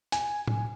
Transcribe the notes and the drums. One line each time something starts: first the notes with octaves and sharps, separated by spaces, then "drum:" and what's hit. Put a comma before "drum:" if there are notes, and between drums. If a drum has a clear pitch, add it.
G#5, drum: hi-hat
drum: tom